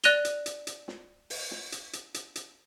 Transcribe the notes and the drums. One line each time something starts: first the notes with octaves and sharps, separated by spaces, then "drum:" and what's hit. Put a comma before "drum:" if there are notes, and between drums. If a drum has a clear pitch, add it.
D5 F#6 A#6 D#7 F7 G7, drum: hi-hat
drum: hi-hat
drum: hi-hat
drum: hi-hat
drum: snare
drum: open hi-hat
drum: snare
drum: hi-hat
drum: hi-hat
drum: hi-hat
drum: hi-hat